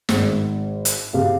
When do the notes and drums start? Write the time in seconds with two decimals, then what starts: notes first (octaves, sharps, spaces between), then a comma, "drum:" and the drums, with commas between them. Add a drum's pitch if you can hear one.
0.09 G#1, drum: snare
0.85 drum: hi-hat
1.13 C3 F5